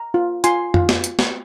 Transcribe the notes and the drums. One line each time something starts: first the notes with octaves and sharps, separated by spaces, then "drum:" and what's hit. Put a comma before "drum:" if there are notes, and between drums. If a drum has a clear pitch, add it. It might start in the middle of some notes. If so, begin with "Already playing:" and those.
Already playing: A#5
F4
F4 G#5 C6, drum: hi-hat
F4, drum: tom F2
drum: snare
drum: hi-hat
drum: snare